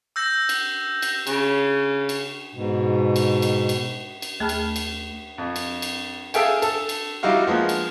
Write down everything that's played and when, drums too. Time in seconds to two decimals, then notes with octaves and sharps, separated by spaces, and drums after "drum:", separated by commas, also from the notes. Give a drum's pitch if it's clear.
0.16 E6 G6 A#6
0.49 drum: cymbal
1.02 drum: cymbal
1.27 C#3, drum: cymbal
2.09 drum: cymbal
2.55 G#2 B2
3.16 drum: cymbal
3.42 drum: cymbal
3.69 drum: cymbal
4.22 drum: cymbal
4.40 D#2 A3 G#4 A5 B5 F6
4.49 drum: cymbal
4.76 drum: cymbal
5.38 F2
5.56 drum: cymbal
5.82 drum: cymbal
6.34 G#4 A4 E5 F5 G5 G#5, drum: cymbal
6.62 A4, drum: cymbal
6.89 drum: cymbal
7.23 G3 D#4 E4 F#4 F5
7.47 F3 G#3 A#3 B3
7.69 drum: cymbal